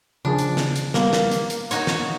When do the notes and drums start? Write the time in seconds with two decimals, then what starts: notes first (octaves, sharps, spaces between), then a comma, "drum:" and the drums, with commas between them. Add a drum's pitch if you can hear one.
0.25 C#3 F3 D4 G#4
0.38 drum: hi-hat
0.57 drum: snare
0.76 drum: hi-hat
0.94 G3 A#3 B3, drum: snare
1.13 drum: snare
1.31 drum: hi-hat
1.50 drum: hi-hat
1.71 D#4 F#4 C#5, drum: hi-hat
1.87 drum: snare